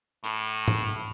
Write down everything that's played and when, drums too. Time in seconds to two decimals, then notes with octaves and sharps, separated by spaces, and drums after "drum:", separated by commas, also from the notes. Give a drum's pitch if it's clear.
0.24 A2, drum: hi-hat
0.68 drum: tom G#2